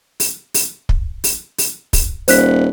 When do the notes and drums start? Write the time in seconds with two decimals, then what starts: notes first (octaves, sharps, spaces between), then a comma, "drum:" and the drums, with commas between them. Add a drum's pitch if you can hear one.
0.20 drum: open hi-hat
0.54 drum: open hi-hat
0.89 drum: kick
1.24 drum: open hi-hat
1.58 drum: open hi-hat
1.93 drum: kick, open hi-hat
2.28 D#1 C5 F#6 B6, drum: open hi-hat